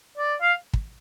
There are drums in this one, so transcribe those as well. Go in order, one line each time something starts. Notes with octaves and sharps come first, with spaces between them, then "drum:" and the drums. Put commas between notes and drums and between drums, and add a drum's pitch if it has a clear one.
D5
F5
drum: kick